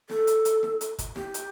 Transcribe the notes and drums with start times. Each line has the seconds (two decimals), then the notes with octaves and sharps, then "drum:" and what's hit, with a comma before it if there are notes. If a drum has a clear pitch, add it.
0.10 A4, drum: snare
0.27 drum: hi-hat
0.45 drum: hi-hat
0.63 drum: snare
0.81 drum: hi-hat
0.99 drum: kick, hi-hat
1.16 G4, drum: snare
1.34 drum: hi-hat